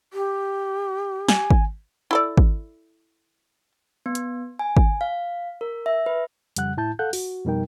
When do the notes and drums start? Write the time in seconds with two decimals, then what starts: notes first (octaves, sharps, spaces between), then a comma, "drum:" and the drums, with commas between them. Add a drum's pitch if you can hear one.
0.13 G4
1.29 G#5, drum: snare
1.51 drum: kick G#1
2.11 E4 A4 D5
2.37 drum: kick G#1
4.06 B3
4.15 drum: hi-hat
4.59 G#5
4.77 drum: kick G#1
5.01 F5
5.61 A#4
5.86 E5
6.06 B4
6.56 F2 C#3 G3 F#5 F#6, drum: hi-hat
6.77 A2 E4 A5 G6
6.99 A4 F5 F#5 F#6 G6
7.13 F#4, drum: open hi-hat
7.45 F2 B2 G3 D#4 A#4 G5